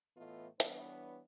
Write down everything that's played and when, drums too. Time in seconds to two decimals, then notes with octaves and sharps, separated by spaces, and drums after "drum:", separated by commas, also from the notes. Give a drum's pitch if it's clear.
0.17 A2 E3 A3 B3 F4 D#5
0.60 E3 G3 B3 D4 B4 C#5, drum: hi-hat